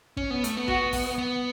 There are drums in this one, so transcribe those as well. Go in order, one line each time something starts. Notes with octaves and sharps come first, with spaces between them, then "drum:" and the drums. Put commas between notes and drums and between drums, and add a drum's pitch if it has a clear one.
C#4, drum: kick A1
B3
A3, drum: hi-hat
B3
F#4, drum: kick A1
drum: kick A1, open hi-hat
B3